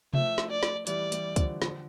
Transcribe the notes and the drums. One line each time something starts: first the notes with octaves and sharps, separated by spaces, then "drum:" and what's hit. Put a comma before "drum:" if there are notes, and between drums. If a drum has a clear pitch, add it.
F3 A3 E5, drum: tom C3
drum: snare
D5
drum: snare
E3 G3 D5, drum: hi-hat
E3 G3, drum: hi-hat
D3 F3, drum: kick, hi-hat
D3 F3, drum: snare